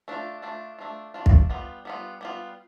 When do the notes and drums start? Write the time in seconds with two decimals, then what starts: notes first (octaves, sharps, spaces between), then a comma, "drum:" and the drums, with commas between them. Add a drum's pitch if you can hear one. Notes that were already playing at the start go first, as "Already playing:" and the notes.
0.08 A3 D4 F4
0.42 A3 D4 F4
0.79 A3 D4 F4
1.14 A3 D4 F4
1.26 drum: kick
1.50 G3 B3 F4
1.85 G3 B3 F4
2.21 G3 B3 F4